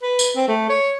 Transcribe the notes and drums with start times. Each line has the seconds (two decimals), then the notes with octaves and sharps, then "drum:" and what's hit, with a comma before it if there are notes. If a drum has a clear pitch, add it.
0.02 B4
0.19 drum: tambourine
0.36 C4
0.48 A3
0.69 C#5